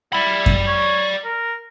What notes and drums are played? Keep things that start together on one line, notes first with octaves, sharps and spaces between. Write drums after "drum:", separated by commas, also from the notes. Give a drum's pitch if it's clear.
E4 D5 B5
drum: kick F#2
C#5
A#4